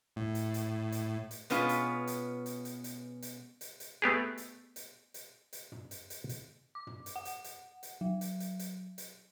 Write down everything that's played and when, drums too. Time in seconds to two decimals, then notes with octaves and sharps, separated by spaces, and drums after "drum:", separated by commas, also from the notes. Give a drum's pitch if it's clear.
0.16 A2
0.35 drum: hi-hat
0.54 drum: hi-hat
0.92 drum: hi-hat
1.31 drum: hi-hat
1.50 B2 G#3 B3 C#4 F4, drum: hi-hat
1.69 drum: hi-hat
2.07 drum: hi-hat
2.46 drum: hi-hat
2.65 drum: hi-hat
2.84 drum: hi-hat
3.22 drum: hi-hat
3.61 drum: hi-hat
3.80 drum: hi-hat
4.02 A3 B3 G4 G#4
4.38 drum: hi-hat
4.76 drum: hi-hat
5.14 drum: hi-hat
5.53 drum: hi-hat
5.72 drum: tom
5.91 drum: hi-hat
6.10 drum: hi-hat
6.29 drum: hi-hat
6.75 D6
6.87 drum: tom
7.06 drum: hi-hat
7.16 F#5
7.25 drum: hi-hat
7.44 drum: hi-hat
7.83 drum: hi-hat
8.01 F#3
8.21 drum: hi-hat
8.40 drum: hi-hat
8.59 drum: hi-hat
8.98 drum: hi-hat